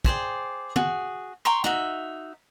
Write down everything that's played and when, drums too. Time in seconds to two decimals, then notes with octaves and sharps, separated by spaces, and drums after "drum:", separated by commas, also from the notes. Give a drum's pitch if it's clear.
0.05 G#4 C5 D5 G5, drum: kick
0.76 F#4 G#4, drum: tom
1.45 G5 A#5 C6 C#6
1.64 D#4 F#4 E5, drum: snare